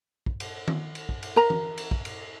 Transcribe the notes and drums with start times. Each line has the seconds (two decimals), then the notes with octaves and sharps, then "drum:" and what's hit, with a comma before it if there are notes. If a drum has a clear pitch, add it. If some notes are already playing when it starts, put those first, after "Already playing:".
0.26 drum: kick
0.40 drum: cymbal
0.68 drum: tom D#3
0.95 drum: cymbal
1.09 drum: kick
1.23 drum: cymbal
1.36 A#4 A#5
1.50 drum: tom E3
1.78 drum: cymbal
1.91 drum: kick
2.05 drum: cymbal